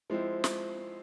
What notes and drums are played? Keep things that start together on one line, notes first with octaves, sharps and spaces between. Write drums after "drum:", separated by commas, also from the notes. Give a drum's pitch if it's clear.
F3 G#3 C4 E4
drum: snare